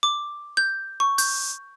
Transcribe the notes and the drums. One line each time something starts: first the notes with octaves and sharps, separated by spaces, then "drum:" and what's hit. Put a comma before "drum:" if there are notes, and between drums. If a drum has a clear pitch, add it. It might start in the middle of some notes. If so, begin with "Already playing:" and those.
D6
G6
C#6
G6, drum: open hi-hat